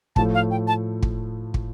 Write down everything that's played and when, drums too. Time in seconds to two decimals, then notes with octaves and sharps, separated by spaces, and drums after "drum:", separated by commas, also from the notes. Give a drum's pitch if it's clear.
0.16 A2 F3 A3 A5, drum: kick
0.34 F5
0.51 G5
0.68 A5
1.03 drum: kick
1.54 drum: kick